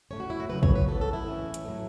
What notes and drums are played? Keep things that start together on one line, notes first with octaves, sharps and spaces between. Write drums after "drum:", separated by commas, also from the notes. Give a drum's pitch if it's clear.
A2 A3 C#4 C#5
F#4
E4
F#4
C#3 F#3 B3 B4
C#5, drum: kick
B4
E3 B3 A4
A4
E4
A2 E3 C#4
drum: hi-hat
A2 F#3 A3